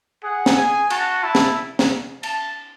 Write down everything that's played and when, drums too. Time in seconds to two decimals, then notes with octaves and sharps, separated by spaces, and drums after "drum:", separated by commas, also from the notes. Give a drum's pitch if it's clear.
0.24 G#4 F#5
0.46 drum: snare
0.57 G#5
0.90 F#4 A5, drum: cymbal
1.24 E4 A5
1.35 drum: snare
1.79 drum: snare
2.23 A5, drum: cymbal